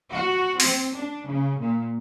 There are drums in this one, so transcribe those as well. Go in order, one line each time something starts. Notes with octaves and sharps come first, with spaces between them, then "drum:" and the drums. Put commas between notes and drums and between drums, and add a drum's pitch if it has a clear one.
F#4
C4, drum: open hi-hat
D4
C#3
A#2